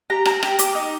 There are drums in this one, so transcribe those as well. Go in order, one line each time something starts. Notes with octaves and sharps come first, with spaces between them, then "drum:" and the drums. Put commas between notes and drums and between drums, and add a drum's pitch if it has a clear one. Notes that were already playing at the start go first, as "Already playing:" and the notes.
G4 A#5
G4 A#5, drum: rim click
G4 G5, drum: rim click
G4 D6, drum: hi-hat
D#4